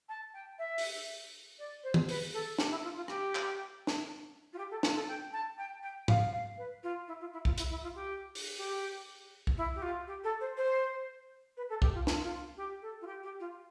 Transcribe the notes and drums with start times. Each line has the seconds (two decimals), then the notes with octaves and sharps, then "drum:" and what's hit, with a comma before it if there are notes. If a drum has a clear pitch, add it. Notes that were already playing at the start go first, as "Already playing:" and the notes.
0.09 A5
0.34 G5
0.59 E5
0.78 drum: open hi-hat
1.59 D5
1.84 C5
1.94 drum: tom D#3
2.09 B4, drum: open hi-hat
2.33 A4
2.58 G4, drum: snare
2.71 E4
2.83 F4
2.96 F4
3.08 G4, drum: rim click
3.35 drum: clap
3.87 drum: snare
4.53 F4
4.58 G4
4.71 A4
4.83 F4, drum: snare
4.95 A4
5.08 G5
5.33 A5
5.58 G5
5.83 G5
6.08 F5, drum: tom G#2
6.33 F5
6.58 B4
6.83 F4
7.08 E4
7.20 F4
7.33 E4
7.45 F4, drum: kick
7.58 E4, drum: hi-hat
7.70 E4
7.83 F4
7.95 G4
8.35 drum: open hi-hat
8.58 G4
9.47 drum: kick
9.57 E4
9.75 G4
9.82 F4
10.07 G4
10.24 A4
10.41 C5
10.57 C5
11.57 B4
11.69 A4
11.82 G4, drum: kick
11.94 F4
12.07 F4, drum: snare
12.24 F4
12.57 G4
12.82 A4
13.01 F4
13.06 G4
13.23 G4
13.40 F4